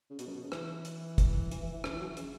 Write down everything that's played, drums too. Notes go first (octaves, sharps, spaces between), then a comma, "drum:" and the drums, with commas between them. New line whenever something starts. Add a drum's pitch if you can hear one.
C#3
B2, drum: hi-hat
F#2
B2
C#3
E3, drum: rim click
drum: hi-hat
drum: kick, hi-hat
E3, drum: hi-hat
E3
E3
C#3, drum: rim click
E3
F#3
E3
C#3, drum: hi-hat